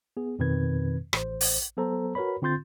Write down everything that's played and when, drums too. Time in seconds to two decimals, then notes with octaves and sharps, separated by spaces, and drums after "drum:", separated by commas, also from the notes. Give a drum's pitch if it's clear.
0.17 B3 G#4
0.39 F2 B2 D#3 C4 B4 G#6
1.13 A1 C5, drum: rim click
1.41 drum: open hi-hat
1.77 F#3 B3 A4 C5 A#5
2.15 F#4 A#4 B4 C#5 B5
2.42 D3 C4 F4 C6 G6 A6